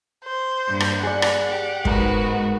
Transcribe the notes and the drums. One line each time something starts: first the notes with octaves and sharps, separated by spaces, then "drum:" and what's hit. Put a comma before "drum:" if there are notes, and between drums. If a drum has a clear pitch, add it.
C5
G2 A#3
drum: rim click
G#4 D5 F#5
drum: rim click
G4
G#2 G#3 B3 F#4 A#4, drum: kick